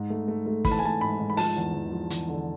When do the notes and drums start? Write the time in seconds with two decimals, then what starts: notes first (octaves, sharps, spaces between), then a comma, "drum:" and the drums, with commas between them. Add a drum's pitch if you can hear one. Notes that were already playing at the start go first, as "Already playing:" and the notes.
Already playing: G#2
0.10 A3
0.28 A3
0.46 A3
0.65 E3 B5, drum: kick, open hi-hat
0.72 A5
0.79 G#5
0.83 A3 A5
1.01 G#2 B5
1.19 G#2
1.30 B5
1.37 F3 A5, drum: open hi-hat
1.56 E2
1.74 E2
1.92 F3
2.10 E2, drum: hi-hat
2.29 D3